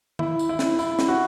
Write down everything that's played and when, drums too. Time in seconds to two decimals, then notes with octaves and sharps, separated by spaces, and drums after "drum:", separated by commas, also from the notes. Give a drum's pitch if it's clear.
0.19 E4, drum: tom D#3
0.39 drum: tambourine
0.49 E4
0.59 drum: snare
0.79 E4, drum: tambourine
0.99 drum: snare
1.08 F#4